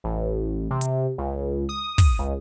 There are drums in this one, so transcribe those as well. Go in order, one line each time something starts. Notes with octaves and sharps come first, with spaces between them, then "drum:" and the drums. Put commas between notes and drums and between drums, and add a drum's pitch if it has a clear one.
A1
C3
drum: hi-hat
C#2
D#6
drum: kick, open hi-hat
C#2